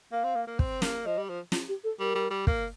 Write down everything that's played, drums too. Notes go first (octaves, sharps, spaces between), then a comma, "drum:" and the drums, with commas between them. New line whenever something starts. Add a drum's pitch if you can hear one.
A#3 F5
C4
A#3
A#3
C4, drum: kick
A#3, drum: snare
F3 D#5
G3
F3
F4, drum: snare
G4
A4
G3 A#4
G3
G3
A#3, drum: kick